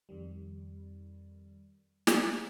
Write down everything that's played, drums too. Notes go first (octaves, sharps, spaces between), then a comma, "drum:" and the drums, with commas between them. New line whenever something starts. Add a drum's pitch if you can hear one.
F2 D#3 G3
drum: snare